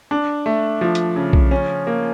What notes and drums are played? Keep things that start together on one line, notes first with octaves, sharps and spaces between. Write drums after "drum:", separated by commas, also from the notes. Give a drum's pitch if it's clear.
D4
A3
F3
drum: hi-hat
C#3
drum: kick B1
C#4
A#3